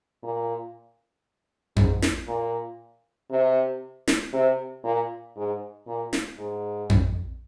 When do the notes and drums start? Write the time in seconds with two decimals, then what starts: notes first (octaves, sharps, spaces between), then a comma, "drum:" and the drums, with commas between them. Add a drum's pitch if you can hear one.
0.23 A#2
1.76 G#2, drum: tom F2
2.02 drum: snare
2.28 A#2
3.31 C3
4.08 drum: snare
4.33 C3
4.84 A#2
5.36 G#2
5.87 A#2
6.13 drum: snare
6.38 G#2
6.90 drum: tom F2